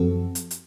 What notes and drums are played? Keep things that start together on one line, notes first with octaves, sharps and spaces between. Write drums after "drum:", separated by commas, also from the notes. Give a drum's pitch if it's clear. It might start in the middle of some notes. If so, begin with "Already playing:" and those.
Already playing: F#2 F3 C4 F#4 A4
drum: hi-hat
drum: hi-hat